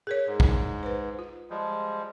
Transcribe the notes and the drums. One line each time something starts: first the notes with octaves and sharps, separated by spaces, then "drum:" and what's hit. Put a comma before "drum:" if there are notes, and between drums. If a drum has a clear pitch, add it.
G#4 A#4 C#5
G#2
drum: kick
B4 C5
F4
F3 G3 G#3